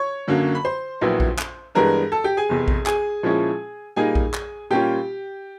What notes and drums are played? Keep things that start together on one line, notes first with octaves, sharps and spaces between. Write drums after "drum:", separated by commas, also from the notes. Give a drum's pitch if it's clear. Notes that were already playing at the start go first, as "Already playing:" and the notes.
Already playing: C#5 C#6
F#2 D3 F#3 A#3
B5
C5 C6
A#1 A#2 F#3 B3 E4
drum: kick A#1
drum: clap
G2 E3 G#3 B3 D4 A#4 A#5
A4 A5
G4 G5
G#4 G#5
F1 E2 C3
drum: kick A#1
G#4 G#5, drum: clap
A#2 F3 G#3 C#4 E4
A#2 G3 A#3 D#4 G#4 G#5
drum: kick A#1
drum: clap
A#2 G3 A#3 C#4 F4 G4 G5